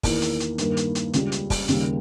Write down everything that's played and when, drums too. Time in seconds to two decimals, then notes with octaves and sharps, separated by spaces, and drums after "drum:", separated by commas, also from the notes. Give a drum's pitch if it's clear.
0.03 E2 D#3 A#3, drum: kick, open hi-hat
0.22 drum: hi-hat
0.40 drum: hi-hat
0.58 G2 D#3 A#3, drum: hi-hat
0.77 drum: hi-hat
0.95 drum: hi-hat
1.13 C#2 C#3 G3, drum: hi-hat
1.32 drum: hi-hat
1.50 drum: kick, open hi-hat
1.68 D#2 C#3 G3 A#3, drum: hi-hat